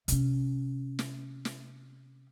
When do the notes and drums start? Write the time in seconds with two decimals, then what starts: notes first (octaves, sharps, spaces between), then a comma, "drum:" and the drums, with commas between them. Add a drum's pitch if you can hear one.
0.08 C3 C#4, drum: hi-hat
0.99 drum: snare
1.45 drum: snare